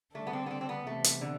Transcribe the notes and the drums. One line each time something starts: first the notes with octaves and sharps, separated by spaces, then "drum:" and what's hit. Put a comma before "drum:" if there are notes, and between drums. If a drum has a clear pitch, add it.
D3 G3 A3 D4 A4
B3
C4
B3
C4
C4
B3
C3 E3 A3 B3
drum: hi-hat
D3